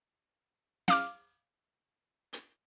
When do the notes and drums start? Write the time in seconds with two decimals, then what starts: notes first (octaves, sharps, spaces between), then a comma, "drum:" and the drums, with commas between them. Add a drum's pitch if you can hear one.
0.88 F5 D6 F6, drum: snare
2.33 drum: hi-hat